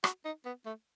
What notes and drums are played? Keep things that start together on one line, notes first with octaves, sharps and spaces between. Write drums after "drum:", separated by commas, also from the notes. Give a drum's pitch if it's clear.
F#4, drum: rim click
D#4
B3
A3